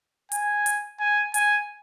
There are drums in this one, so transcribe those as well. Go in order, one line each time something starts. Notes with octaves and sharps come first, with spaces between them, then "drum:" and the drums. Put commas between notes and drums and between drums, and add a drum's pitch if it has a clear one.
G#5, drum: hi-hat
drum: hi-hat
G#5
G#5, drum: hi-hat